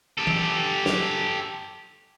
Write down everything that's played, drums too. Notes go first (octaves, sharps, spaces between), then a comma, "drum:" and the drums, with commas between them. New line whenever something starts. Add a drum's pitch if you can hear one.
G4 A4
drum: tom E3
drum: snare